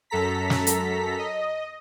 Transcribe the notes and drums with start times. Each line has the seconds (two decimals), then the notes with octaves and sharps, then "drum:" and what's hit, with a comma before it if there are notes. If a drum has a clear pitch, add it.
0.10 F#2 A4 A#5 B6
0.50 drum: snare
0.67 drum: hi-hat
1.18 D#5